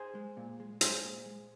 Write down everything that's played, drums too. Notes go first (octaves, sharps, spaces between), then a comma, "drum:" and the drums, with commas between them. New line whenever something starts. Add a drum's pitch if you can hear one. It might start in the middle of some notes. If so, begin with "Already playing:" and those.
Already playing: G#4 C5
G#3
A#2
G#3
G#3 G#4 C5, drum: hi-hat
A#2
G#3